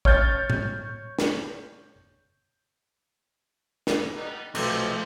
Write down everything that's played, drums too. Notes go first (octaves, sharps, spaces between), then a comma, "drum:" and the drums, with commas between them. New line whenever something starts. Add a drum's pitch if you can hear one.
C#5 F6 G6 A6, drum: kick
drum: tom A2
drum: snare
drum: snare
G3 B3 D#4
B1 C3 F3 A3 D#5 C6, drum: cymbal